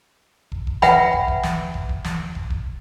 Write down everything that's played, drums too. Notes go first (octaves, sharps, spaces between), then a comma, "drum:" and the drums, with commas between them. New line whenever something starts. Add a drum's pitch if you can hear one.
drum: kick
drum: kick
B4 E5 F#5 G5 B5, drum: snare
drum: kick
drum: kick
drum: snare
drum: kick
drum: kick
drum: snare
drum: kick
drum: kick